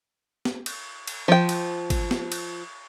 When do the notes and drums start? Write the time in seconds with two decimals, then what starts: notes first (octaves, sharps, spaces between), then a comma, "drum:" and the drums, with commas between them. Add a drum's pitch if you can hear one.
0.45 drum: snare B3
0.66 drum: cymbal
1.08 drum: cymbal
1.28 F3 G5
1.49 drum: cymbal
1.90 drum: kick G#1, cymbal
2.11 drum: snare B3
2.32 drum: cymbal